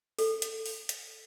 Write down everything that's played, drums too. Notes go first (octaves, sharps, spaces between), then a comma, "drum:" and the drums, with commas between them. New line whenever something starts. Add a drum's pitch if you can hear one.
A4, drum: open hi-hat
drum: hi-hat
drum: open hi-hat
drum: hi-hat